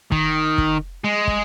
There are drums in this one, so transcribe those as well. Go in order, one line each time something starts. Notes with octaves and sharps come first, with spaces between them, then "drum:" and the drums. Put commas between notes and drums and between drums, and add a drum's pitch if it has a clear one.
D#3, drum: kick
drum: kick
G#3
drum: kick